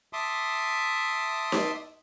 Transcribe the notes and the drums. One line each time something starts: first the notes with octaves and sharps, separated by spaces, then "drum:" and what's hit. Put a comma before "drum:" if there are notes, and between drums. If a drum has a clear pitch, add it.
E5 A5 C6 D6 D#6
drum: snare D#4